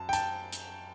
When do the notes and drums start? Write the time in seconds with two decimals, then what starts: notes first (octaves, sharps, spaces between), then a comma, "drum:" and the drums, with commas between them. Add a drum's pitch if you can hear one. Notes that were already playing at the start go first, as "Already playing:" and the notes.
Already playing: F#2 A5
0.09 G5
0.13 A5, drum: hi-hat
0.53 drum: hi-hat